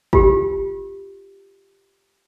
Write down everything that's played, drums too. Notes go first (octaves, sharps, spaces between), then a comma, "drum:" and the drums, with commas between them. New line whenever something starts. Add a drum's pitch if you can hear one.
F4 G4, drum: kick